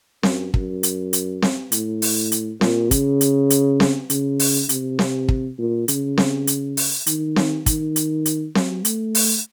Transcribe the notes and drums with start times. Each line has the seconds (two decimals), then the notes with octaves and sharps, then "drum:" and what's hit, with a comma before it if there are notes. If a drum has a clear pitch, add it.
0.23 F#2, drum: snare C4
0.54 F#2, drum: kick
0.83 drum: hi-hat
1.13 drum: hi-hat
1.43 drum: snare C4
1.72 A2, drum: hi-hat
2.02 drum: open hi-hat
2.32 drum: hi-hat
2.61 A#2, drum: snare C4
2.91 C#3, drum: kick, hi-hat
3.21 drum: hi-hat
3.50 drum: hi-hat
3.80 drum: snare C4
4.10 C#3, drum: hi-hat
4.39 drum: open hi-hat
4.69 C3, drum: hi-hat
4.99 drum: snare C4
5.29 drum: kick
5.58 A#2
5.88 C#3, drum: hi-hat
6.18 drum: snare C4
6.47 drum: hi-hat
6.77 drum: open hi-hat
7.06 D#3, drum: hi-hat
7.36 drum: snare C4
7.66 D#3, drum: kick, hi-hat
7.96 drum: hi-hat
8.26 drum: hi-hat
8.55 F#3, drum: snare C4
8.85 A3, drum: hi-hat
9.15 drum: open hi-hat